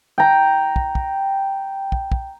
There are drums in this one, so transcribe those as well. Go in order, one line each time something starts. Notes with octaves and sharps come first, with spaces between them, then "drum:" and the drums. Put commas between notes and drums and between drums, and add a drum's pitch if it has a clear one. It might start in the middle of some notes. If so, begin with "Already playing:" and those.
G5 A#5
drum: kick
drum: kick
drum: kick
drum: kick